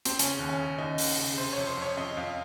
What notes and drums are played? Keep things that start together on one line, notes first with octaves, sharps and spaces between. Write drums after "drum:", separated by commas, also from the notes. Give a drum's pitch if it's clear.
C4, drum: hi-hat
C#3 C#4, drum: hi-hat
D#2
C#4
C#3
D#2 D#4
D#2, drum: open hi-hat
C#3
C3 C5
F2 C#5
C5
F2 C#5
F2 D#5
F2 F5